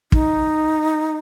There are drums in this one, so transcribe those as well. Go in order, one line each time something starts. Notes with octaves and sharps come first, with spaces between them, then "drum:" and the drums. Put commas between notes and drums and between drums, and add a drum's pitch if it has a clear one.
D#4, drum: kick